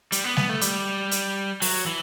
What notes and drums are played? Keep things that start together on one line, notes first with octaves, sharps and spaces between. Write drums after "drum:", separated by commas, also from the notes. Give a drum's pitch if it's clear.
G3, drum: hi-hat
B3
B3, drum: snare G3
A3
G3, drum: hi-hat
drum: hi-hat
F#3, drum: open hi-hat
E3